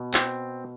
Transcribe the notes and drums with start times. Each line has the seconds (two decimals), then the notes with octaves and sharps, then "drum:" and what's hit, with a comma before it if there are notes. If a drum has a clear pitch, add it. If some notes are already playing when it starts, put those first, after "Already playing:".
Already playing: B2
0.14 C4, drum: clap